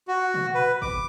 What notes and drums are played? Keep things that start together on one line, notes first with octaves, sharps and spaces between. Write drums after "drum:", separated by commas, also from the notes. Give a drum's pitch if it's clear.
F#4
drum: tom
B4
D6, drum: kick G1